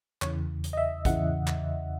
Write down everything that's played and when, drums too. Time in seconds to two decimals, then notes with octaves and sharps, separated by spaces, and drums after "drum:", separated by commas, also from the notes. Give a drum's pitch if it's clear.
0.22 E2 C#3 E3 C#5, drum: clap
0.64 drum: hi-hat
0.73 D#5
0.77 E5
1.05 E2 C#3 E3 F#5, drum: kick, hi-hat
1.47 drum: clap